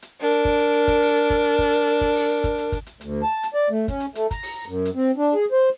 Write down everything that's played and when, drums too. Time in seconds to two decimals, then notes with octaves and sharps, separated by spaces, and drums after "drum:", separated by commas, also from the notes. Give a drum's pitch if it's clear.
0.02 drum: hi-hat
0.21 D4 A#4
0.31 drum: hi-hat
0.45 drum: kick
0.59 drum: hi-hat
0.73 drum: hi-hat
0.88 drum: kick, hi-hat
1.02 drum: open hi-hat
1.16 drum: hi-hat
1.30 drum: kick, hi-hat
1.44 drum: hi-hat
1.59 drum: kick
1.73 drum: hi-hat
1.87 drum: hi-hat
2.01 drum: kick, hi-hat
2.15 drum: open hi-hat
2.30 drum: hi-hat
2.44 drum: kick, hi-hat
2.58 drum: hi-hat
2.72 drum: kick, hi-hat
2.86 drum: hi-hat
3.01 D2, drum: hi-hat
3.23 A5
3.43 drum: hi-hat
3.54 D5
3.70 A3
3.88 C#4, drum: kick, hi-hat
4.00 drum: hi-hat
4.15 A3, drum: hi-hat
4.31 A#5, drum: kick, hi-hat
4.43 drum: open hi-hat
4.67 F#2
4.85 drum: hi-hat
4.95 C4
5.17 D4
5.34 G#4
5.52 C5